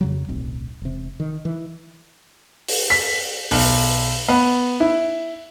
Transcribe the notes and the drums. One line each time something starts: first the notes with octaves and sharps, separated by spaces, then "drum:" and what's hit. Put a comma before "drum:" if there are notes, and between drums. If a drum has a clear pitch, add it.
F2 C#3 F#3
D1 B1 C4
E1 C3
D#3
E3
drum: open hi-hat
B6
B1, drum: open hi-hat
B3
E4